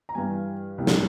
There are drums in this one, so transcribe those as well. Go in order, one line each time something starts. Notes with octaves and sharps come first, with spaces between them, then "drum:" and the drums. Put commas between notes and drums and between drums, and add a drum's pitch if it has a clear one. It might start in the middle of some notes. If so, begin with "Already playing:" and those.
A#5
G2 E3 G3 G#5
C2 C3 G3 A#3
drum: snare